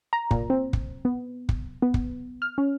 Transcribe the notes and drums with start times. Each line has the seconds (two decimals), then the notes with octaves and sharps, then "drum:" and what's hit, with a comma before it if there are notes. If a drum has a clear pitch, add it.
0.13 A#5
0.31 A#2, drum: kick
0.50 C4
0.73 drum: kick
1.05 B3
1.49 drum: kick
1.82 B3
1.94 drum: kick
2.42 F6
2.58 C#4